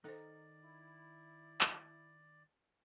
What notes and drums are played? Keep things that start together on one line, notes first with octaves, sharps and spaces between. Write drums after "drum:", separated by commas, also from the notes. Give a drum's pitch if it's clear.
D#3 D#4 A4 C5 D5 F5
E4
drum: clap